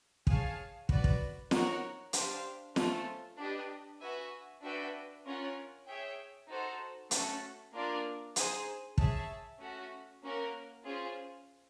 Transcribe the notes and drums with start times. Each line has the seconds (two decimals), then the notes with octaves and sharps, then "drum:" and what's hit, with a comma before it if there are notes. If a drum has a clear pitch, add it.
0.27 G#4 C#5 F5 A5, drum: kick
0.89 F#4 B4 D5, drum: kick
1.04 drum: kick
1.51 D#4 F#4 A#4 C#5 F#5, drum: snare
2.13 D4 G4 C5 F5, drum: hi-hat
2.76 A3 C#4 F4 A4 C5, drum: snare
3.38 D4 G4 B4 D#5
4.00 F#4 B4 E5 G#5
4.62 D4 F#4 B4 E5 G5
5.25 C#4 F4 A#4 C#5 F#5
5.87 G#4 C#5 E5 G5
6.48 D#4 F#4 A4 C5
7.11 A3 C#4 F#4 A4, drum: hi-hat
7.73 A#3 D4 F4 A#4 D5
8.36 D#4 G#4 C5, drum: hi-hat
8.98 G#4 C#5 E5 A5, drum: kick
9.60 A3 C#4 F#4
10.22 A#3 C#4 F#4 A#4
10.85 C#4 F4 G#4 C5